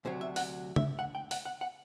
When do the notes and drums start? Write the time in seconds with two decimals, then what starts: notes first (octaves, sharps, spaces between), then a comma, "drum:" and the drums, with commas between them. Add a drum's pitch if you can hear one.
0.05 D2 C3 F#3 C5
0.21 E5
0.36 F#5, drum: open hi-hat
0.76 E5, drum: tom C#3
0.99 F#5
1.15 G5
1.31 F#5, drum: open hi-hat
1.45 F#5
1.61 F#5